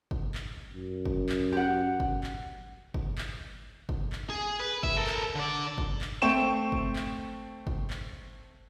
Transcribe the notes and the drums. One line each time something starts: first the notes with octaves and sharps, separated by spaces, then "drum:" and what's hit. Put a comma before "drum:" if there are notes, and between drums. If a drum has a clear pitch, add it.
drum: kick
drum: clap
F#2
drum: kick
drum: clap
G4 F#5
drum: kick
drum: clap
drum: kick
drum: clap
drum: kick
drum: clap
G#4
B4
E5, drum: kick
A4 A#4
drum: clap
D3 D5
drum: kick
drum: clap
A3 C4 G5 C#6 E7
drum: kick
drum: clap
drum: kick
drum: clap